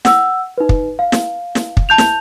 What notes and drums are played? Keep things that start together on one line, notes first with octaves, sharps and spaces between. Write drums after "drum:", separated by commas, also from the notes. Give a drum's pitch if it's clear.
F#5 E6, drum: snare
D#4 B4
drum: kick
F5
drum: snare
drum: snare
drum: kick
A5 G6 F7
drum: snare